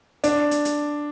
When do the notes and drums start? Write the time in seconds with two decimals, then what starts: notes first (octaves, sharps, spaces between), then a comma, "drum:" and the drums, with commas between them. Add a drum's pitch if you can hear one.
0.24 D4, drum: hi-hat
0.51 drum: hi-hat
0.65 drum: hi-hat